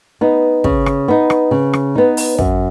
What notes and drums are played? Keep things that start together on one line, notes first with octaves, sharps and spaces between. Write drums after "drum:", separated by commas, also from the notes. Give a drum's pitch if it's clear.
B3 D#4
C#3, drum: kick
drum: rim click
B3 D#4
drum: rim click
C#3
drum: rim click
B3 D#4
drum: open hi-hat
F#2, drum: kick